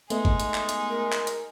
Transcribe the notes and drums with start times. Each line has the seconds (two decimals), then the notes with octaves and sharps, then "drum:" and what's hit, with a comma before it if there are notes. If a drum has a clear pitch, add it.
0.10 G#3 A3 B3 D#4 G#4, drum: hi-hat
0.25 drum: kick
0.40 drum: hi-hat
0.54 drum: clap
0.69 drum: hi-hat
0.90 A#4
1.13 drum: clap
1.27 drum: hi-hat